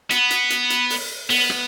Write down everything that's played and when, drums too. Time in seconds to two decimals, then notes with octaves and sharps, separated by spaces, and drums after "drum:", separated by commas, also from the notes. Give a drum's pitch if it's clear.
0.11 B3, drum: hi-hat
0.31 drum: hi-hat
0.50 drum: hi-hat
0.70 drum: hi-hat
0.90 drum: open hi-hat
1.30 B3, drum: open hi-hat
1.50 drum: rim click